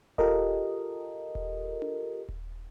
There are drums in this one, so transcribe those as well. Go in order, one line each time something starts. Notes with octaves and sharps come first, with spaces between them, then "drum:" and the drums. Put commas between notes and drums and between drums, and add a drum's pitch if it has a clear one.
F4 G4 A4 A#4 D#5, drum: kick D#1
drum: kick D#1
drum: tom D4
drum: kick D#1